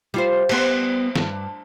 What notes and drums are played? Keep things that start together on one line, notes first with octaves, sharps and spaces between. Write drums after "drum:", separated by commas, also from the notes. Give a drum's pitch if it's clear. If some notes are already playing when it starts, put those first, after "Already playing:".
G3 F4 C5
G3 B3 C5, drum: cymbal
G2, drum: snare